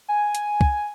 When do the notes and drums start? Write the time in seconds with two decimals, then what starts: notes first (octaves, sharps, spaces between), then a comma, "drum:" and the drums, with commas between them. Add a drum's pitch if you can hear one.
0.09 G#5
0.35 drum: hi-hat
0.61 drum: kick